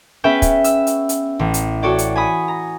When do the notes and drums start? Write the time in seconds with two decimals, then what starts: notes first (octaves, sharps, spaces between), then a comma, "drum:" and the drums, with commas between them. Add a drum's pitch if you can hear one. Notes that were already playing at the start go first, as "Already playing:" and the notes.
0.24 B3 C#4 G#4 B4 E5 G5
0.42 drum: kick, hi-hat
0.64 E6, drum: hi-hat
0.87 drum: hi-hat
1.09 drum: hi-hat
1.39 A1
1.54 drum: hi-hat
1.82 F#4 A4 C#5 D5 G5
1.99 drum: hi-hat
2.16 G#5 B5 D#6
2.48 A#5